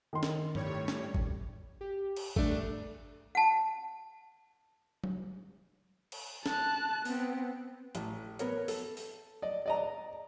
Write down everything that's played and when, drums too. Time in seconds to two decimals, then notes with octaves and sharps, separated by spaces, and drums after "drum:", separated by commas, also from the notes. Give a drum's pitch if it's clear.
0.13 D#3 C6
0.23 drum: snare
0.55 A2 G3 C#5, drum: tom G2
0.88 drum: snare
1.14 drum: kick G#1
1.81 G4
2.16 drum: cymbal
2.36 A3 D4, drum: kick G#1
3.35 F#5 A5
5.04 drum: tom F#3
6.12 drum: cymbal
6.46 A5 F#6, drum: snare
7.05 B3 C4, drum: open hi-hat
7.95 A1, drum: hi-hat
8.39 B3 A#4 C#5, drum: hi-hat
8.68 A4, drum: open hi-hat
8.97 drum: open hi-hat
9.42 D5 D#5
9.66 D5 D#5 A#5